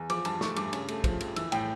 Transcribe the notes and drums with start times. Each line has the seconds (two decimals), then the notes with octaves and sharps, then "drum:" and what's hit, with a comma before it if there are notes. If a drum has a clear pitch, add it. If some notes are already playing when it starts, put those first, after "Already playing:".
Already playing: E2
0.10 F3 D6, drum: cymbal
0.25 G2 A5, drum: cymbal
0.41 A3 C#6, drum: snare
0.56 G2 D6, drum: cymbal
0.73 C#3, drum: cymbal
0.88 A3, drum: cymbal
1.04 F3, drum: kick, cymbal
1.20 F2, drum: cymbal
1.36 E3 E6, drum: cymbal
1.52 A2 G5, drum: cymbal